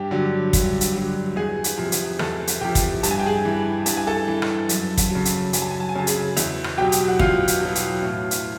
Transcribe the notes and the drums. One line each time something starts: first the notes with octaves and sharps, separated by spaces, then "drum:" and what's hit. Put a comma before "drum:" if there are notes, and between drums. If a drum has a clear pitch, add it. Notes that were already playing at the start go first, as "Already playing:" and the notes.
Already playing: G2 G4
D3 F#3
G2, drum: kick, hi-hat
drum: hi-hat
D3 F#3
E2 G#4 G#5
drum: hi-hat
C3 F3
drum: hi-hat
E2 A4 A5, drum: rim click
drum: hi-hat
C3 F3 G4 G5
drum: kick, hi-hat
G2 A5, drum: hi-hat
G#5
G5
G#4 G#5
E3
G2 A5, drum: hi-hat
G#5
A4 A5
E3
drum: rim click
F#2, drum: hi-hat
drum: kick, hi-hat
C#3 F#3
drum: hi-hat
F#2 G#5, drum: hi-hat
A5
G#5
A5
G#5
C#3 F#3 A5
G#4 G#5, drum: hi-hat
E2, drum: hi-hat
drum: rim click
B2 F#3 G4 G5
drum: hi-hat
F#5
E2 F4 F5, drum: kick
drum: hi-hat
B2 F#3
drum: hi-hat
A2
drum: hi-hat